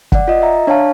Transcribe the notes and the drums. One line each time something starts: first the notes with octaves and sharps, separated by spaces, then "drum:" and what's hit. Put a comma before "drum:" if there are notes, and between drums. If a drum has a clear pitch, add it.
D5 F#5, drum: kick
F4 D#5
E5 A#5
D4 C#5 D5 F5 A5